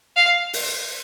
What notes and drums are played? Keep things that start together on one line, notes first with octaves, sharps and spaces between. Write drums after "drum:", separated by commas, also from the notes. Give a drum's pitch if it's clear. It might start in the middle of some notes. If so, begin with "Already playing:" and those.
F5
drum: open hi-hat